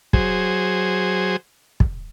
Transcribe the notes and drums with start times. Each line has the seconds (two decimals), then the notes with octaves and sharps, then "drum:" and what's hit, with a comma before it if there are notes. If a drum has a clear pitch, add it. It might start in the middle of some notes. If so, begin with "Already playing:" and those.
0.13 F#3 G#4 C5, drum: kick
1.80 drum: kick